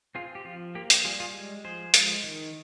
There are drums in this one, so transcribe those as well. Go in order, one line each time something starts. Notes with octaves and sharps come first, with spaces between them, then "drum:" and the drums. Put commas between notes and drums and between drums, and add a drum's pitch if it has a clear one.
C4 F4 G#4
G4
F3 F4
A#3 G4
G4, drum: hi-hat
G3 F4 G#4
F4 G#4
G#3
F3 G#4 C5
G#3, drum: hi-hat
D#3